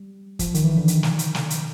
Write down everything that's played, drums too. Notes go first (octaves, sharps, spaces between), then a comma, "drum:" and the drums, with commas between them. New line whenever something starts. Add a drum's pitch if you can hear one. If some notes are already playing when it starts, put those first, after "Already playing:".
Already playing: G3
F3, drum: kick, hi-hat
D#3, drum: hi-hat
E3
D3
D#3, drum: hi-hat
drum: snare
drum: hi-hat
drum: snare
drum: hi-hat